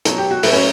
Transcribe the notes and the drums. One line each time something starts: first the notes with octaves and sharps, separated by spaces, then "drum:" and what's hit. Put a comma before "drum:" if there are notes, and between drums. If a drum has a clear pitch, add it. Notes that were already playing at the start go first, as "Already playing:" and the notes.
B2 F#3, drum: hi-hat
G4
F#4
A2 F#3 E4, drum: open hi-hat
C#4